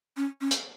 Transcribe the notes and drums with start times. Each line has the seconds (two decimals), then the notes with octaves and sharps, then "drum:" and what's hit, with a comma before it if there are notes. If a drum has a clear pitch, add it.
0.17 C#4
0.41 C#4
0.51 drum: hi-hat